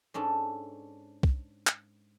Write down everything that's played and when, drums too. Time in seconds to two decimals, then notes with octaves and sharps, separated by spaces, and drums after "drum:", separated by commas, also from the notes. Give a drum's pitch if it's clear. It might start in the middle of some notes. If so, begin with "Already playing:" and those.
0.14 G#2 C#4 D4 A4
1.23 drum: kick
1.67 drum: clap